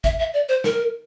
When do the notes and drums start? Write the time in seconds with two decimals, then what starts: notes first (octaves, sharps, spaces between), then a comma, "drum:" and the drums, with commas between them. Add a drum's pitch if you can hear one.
0.04 E5, drum: kick, hi-hat
0.19 E5
0.34 D5
0.49 C5
0.64 A#4, drum: snare